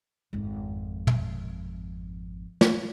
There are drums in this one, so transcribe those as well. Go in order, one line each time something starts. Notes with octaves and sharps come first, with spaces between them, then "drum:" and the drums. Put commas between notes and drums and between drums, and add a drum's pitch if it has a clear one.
G#1 F2
drum: tom
drum: snare